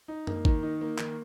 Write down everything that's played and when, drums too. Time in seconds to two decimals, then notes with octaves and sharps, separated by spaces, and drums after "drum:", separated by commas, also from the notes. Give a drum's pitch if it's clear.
0.08 D#4
0.27 A#3, drum: tom F#2
0.45 D#3, drum: kick
0.63 D#4
0.81 A#3
0.98 D#3, drum: clap